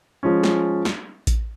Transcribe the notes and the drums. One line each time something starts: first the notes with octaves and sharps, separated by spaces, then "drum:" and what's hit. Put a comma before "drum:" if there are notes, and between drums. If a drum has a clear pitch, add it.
F3 G#3 C#4
drum: snare
drum: snare
drum: kick A1, hi-hat